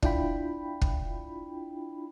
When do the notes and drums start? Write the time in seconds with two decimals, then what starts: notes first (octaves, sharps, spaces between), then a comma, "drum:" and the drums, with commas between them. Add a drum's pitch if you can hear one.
0.02 D4 E4 F4 G5 B5, drum: kick
0.81 drum: kick